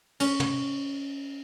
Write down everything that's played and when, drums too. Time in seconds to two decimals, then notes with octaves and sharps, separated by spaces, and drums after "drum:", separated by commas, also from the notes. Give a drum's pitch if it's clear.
0.20 C#4, drum: cymbal
0.40 drum: tom